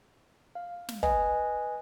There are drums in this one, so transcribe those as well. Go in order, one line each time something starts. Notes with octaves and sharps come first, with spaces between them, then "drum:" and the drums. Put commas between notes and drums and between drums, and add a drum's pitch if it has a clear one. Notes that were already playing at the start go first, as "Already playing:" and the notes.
F5
drum: snare
B4 D#5 G#5, drum: kick